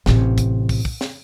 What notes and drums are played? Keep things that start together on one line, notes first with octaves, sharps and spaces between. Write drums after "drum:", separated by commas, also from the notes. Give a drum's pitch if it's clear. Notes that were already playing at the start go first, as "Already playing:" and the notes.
A1 C3, drum: snare
drum: kick, hi-hat
drum: kick, open hi-hat
drum: kick
drum: snare